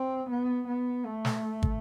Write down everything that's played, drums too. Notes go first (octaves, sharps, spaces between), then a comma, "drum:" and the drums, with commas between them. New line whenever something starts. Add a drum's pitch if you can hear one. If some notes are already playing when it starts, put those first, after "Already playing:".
Already playing: C4
B3
B3
A3
drum: snare
drum: kick